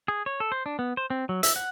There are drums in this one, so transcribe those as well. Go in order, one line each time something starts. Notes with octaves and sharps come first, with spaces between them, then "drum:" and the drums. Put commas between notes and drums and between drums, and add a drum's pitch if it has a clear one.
G#4
C#5
A4
C5
D4
B3
C5
C4
F#3
E5, drum: hi-hat
F#5